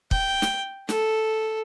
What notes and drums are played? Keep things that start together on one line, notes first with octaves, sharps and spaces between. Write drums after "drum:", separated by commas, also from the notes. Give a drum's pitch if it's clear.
G5, drum: kick
drum: snare
A4, drum: snare